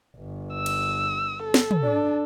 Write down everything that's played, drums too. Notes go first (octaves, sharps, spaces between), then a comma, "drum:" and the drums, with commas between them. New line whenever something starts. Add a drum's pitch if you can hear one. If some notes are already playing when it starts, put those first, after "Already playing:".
G1
E6
drum: cymbal
A4
drum: snare
drum: tom
D4